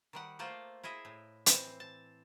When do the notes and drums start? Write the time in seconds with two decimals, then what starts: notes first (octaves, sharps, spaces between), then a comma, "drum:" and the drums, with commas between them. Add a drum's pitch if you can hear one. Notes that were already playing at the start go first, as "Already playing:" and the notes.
0.13 D#3 G3 F#5
0.39 A3 A#3 F4 C5 D5
0.83 E4 G#4 D#5 E5
1.05 A2
1.46 E3 C4, drum: hi-hat
1.80 A5